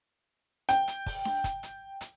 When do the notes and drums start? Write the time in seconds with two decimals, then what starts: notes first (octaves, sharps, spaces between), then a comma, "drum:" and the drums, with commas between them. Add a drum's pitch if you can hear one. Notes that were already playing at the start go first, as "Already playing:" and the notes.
0.69 G5, drum: hi-hat
0.88 drum: hi-hat
1.06 drum: kick, open hi-hat
1.25 drum: snare D4
1.44 drum: kick, hi-hat
1.63 drum: hi-hat
2.01 drum: hi-hat